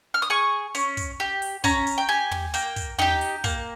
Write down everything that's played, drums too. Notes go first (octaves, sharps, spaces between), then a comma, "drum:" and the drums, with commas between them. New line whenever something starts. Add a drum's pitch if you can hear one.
F6
D#6
G#4 C#6
C#4, drum: hi-hat
drum: kick, hi-hat
G4
drum: open hi-hat
C#4 A#5, drum: kick, hi-hat
drum: hi-hat
G5
G4 G#5
drum: tom
A#3 G5, drum: hi-hat
drum: kick, hi-hat
D#4 G4 G5, drum: tom
drum: open hi-hat
A#3, drum: kick, hi-hat